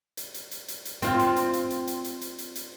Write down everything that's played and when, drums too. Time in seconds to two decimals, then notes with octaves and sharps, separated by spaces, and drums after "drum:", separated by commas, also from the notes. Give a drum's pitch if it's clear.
0.17 drum: hi-hat
0.34 drum: hi-hat
0.51 drum: hi-hat
0.68 drum: hi-hat
0.85 drum: hi-hat
1.02 C4 F4, drum: hi-hat
1.19 drum: hi-hat
1.36 drum: hi-hat
1.53 drum: hi-hat
1.70 drum: hi-hat
1.87 drum: hi-hat
2.04 drum: hi-hat
2.21 drum: hi-hat
2.38 drum: hi-hat
2.55 drum: hi-hat